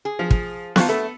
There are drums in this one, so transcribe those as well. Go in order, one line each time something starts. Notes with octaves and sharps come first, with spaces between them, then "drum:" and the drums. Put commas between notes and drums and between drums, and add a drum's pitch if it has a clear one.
G#4
F3
drum: kick
D#3 F4 A5 C#6 F#6, drum: snare B3
A3 B3 A4